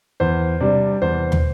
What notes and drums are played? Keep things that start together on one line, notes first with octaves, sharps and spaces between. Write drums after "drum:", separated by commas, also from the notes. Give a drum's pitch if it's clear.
E2 C5
C3 G3 D4 D5
E2 C5
drum: tom